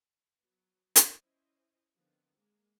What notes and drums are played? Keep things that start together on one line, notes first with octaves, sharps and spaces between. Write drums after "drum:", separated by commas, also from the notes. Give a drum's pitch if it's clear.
F#3 B3
drum: hi-hat
C#4 E4 C5 D#5
D3 D#3 F3 B3 C4
G#3 A#3